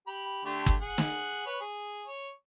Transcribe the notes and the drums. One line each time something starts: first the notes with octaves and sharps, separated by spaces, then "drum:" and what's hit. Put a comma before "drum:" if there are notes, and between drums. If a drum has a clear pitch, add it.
G4 B5
D3 A3 G4
drum: kick
G#4 F#5
drum: snare
B4 C#5
G#4
C#5